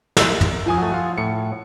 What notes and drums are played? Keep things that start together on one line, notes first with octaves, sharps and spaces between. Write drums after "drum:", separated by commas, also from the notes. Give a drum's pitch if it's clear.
A#4 E5 E6, drum: snare
drum: tom
F3 G#5 D#6
F#3 A3
F4 F#5
A2 C#7